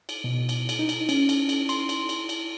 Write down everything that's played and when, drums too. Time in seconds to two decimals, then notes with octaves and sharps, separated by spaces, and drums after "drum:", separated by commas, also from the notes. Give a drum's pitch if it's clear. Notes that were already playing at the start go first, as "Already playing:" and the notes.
0.09 drum: cymbal
0.24 B2
0.49 drum: cymbal
0.69 drum: cymbal
0.79 D#4
0.89 drum: cymbal
1.09 C#4, drum: cymbal
1.29 drum: cymbal
1.49 drum: cymbal
1.69 C6, drum: cymbal
1.89 drum: cymbal
2.09 drum: cymbal
2.29 drum: cymbal